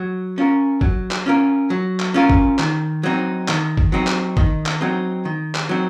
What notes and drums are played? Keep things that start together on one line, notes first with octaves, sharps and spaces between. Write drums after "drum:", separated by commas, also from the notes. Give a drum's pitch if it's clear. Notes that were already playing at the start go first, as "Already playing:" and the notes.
Already playing: F#3
C#4 F4 A#4
F#3, drum: kick G#1
drum: clap
C#4 F4 A#4
F#3
drum: clap
C#4 F4 A#4
drum: kick G#1
D#3, drum: clap
F#3 C4 D#4
D#3, drum: clap
drum: kick G#1
F#3 C4 D#4
drum: clap
D#3, drum: kick G#1
drum: clap
F#3 C4 D#4
D#3
drum: clap
F#3 C4 D#4